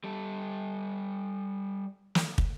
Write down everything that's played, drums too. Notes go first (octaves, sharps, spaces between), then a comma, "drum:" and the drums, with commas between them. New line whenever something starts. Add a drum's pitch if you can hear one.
G3 A4
drum: snare
drum: kick